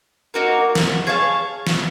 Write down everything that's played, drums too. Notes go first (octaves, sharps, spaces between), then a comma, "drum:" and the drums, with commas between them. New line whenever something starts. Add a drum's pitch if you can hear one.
A#3 D#4 F#4 A#4
drum: snare
G#4 C#5 F5 A5
drum: snare